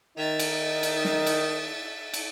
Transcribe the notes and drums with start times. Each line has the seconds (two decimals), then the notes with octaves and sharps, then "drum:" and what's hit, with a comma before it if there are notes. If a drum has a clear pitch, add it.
0.18 D#3 D#4 E5 A6
0.39 drum: cymbal
0.83 drum: cymbal
1.05 drum: snare
1.26 drum: cymbal
2.14 drum: cymbal